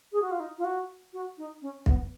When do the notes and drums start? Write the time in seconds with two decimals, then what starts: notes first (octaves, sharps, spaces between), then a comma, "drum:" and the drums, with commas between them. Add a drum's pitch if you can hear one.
0.12 G#4
0.22 F#4
0.31 F4
0.40 D#4
0.58 F4
0.64 F#4
1.13 F#4
1.38 D#4
1.62 C#4
1.86 B3, drum: kick